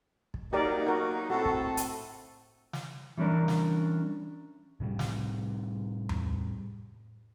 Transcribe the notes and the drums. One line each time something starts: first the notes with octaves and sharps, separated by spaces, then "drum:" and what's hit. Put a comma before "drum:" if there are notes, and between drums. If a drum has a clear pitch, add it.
drum: kick
F#3 A#3 D#4 G4 A#4 D5
F#4 A#4
A2 C4 F#4 A4
drum: kick
drum: hi-hat
drum: snare
E3 G3 C#4 D4 A#4
drum: snare
A2 C3 G3
drum: snare
drum: tom E2